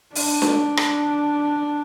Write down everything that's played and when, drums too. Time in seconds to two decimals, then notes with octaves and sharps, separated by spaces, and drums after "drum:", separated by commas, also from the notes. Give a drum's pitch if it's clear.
0.15 D4, drum: open hi-hat
0.42 drum: snare D4
0.77 drum: rim click